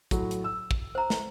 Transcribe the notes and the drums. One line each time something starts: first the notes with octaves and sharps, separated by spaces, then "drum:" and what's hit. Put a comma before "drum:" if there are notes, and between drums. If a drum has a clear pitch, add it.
A2 F#3, drum: kick, hi-hat
drum: hi-hat
E6
drum: kick
C5 A#5
drum: snare